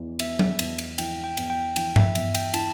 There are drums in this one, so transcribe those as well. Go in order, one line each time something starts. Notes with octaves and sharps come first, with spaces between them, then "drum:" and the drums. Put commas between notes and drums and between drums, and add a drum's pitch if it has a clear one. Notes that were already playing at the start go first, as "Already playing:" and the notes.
Already playing: E2 E3
B3 E5, drum: cymbal
drum: tom F#3
E2, drum: cymbal
drum: cymbal
E3 G5, drum: cymbal
G5
E2, drum: cymbal
G5
E3 G5, drum: cymbal
E5, drum: tom G2
E2 E5, drum: cymbal
G5, drum: cymbal
E4 A5, drum: cymbal